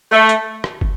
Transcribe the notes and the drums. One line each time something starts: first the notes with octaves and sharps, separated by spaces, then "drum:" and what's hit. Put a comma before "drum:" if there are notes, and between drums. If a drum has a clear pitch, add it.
A3
drum: hi-hat
drum: rim click
drum: kick